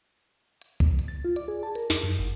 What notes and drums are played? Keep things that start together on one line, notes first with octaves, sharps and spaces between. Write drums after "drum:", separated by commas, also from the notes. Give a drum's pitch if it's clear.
drum: hi-hat
drum: kick C2, hi-hat
drum: hi-hat
A6
F4
D5, drum: hi-hat
G#4
A5
A#4, drum: hi-hat
F2, drum: snare
F#2
G1